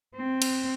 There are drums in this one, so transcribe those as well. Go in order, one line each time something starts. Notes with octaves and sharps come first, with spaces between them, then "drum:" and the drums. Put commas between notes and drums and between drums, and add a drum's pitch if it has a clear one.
C4
drum: cymbal